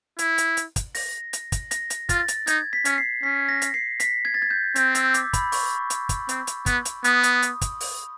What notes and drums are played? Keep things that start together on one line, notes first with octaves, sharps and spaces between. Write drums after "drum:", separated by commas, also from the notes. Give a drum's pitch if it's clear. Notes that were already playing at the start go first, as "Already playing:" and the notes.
E4, drum: hi-hat
drum: hi-hat
drum: hi-hat
drum: kick, hi-hat
A#6, drum: open hi-hat
drum: hi-hat
drum: kick, hi-hat
A#6, drum: hi-hat
drum: hi-hat
F4 A6, drum: kick, hi-hat
drum: hi-hat
D#4 G#6, drum: hi-hat
B6
C#4, drum: hi-hat
C7
C#4 B6
A#6
drum: hi-hat
C7
B6, drum: hi-hat
G#6
A6
G#6
G6
C4 G6, drum: hi-hat
E6, drum: hi-hat
D6, drum: hi-hat
B5, drum: kick, hi-hat
C#6, drum: open hi-hat
drum: hi-hat
drum: kick, hi-hat
C4, drum: hi-hat
drum: hi-hat
B3, drum: kick, hi-hat
drum: hi-hat
B3 D#6, drum: hi-hat
drum: hi-hat
drum: hi-hat
drum: kick, hi-hat
drum: open hi-hat